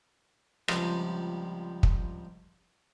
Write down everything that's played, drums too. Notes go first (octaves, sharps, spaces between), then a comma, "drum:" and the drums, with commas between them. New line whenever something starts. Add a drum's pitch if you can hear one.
C#2 C3 F3 G3 D5, drum: rim click
drum: kick